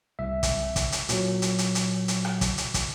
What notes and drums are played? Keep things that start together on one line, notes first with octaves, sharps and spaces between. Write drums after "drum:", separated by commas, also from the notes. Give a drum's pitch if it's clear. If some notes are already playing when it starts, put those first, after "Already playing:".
C2 E5
drum: kick, hi-hat
drum: kick, hi-hat
drum: hi-hat
A#2 F#3, drum: hi-hat
drum: hi-hat
drum: hi-hat
drum: hi-hat
drum: hi-hat
drum: rim click
drum: kick, hi-hat
drum: hi-hat
drum: kick, hi-hat